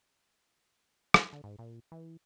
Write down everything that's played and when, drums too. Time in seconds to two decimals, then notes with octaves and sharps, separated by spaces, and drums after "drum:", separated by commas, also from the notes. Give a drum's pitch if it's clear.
1.14 drum: rim click
1.33 D3
1.44 G#2
1.59 A#2
1.92 E3